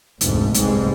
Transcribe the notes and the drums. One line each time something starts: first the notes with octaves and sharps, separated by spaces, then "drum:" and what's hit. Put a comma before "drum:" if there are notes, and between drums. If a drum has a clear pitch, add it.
F1 D2 G#2 A3, drum: hi-hat
G1 C2 G#2 G3 G#3, drum: hi-hat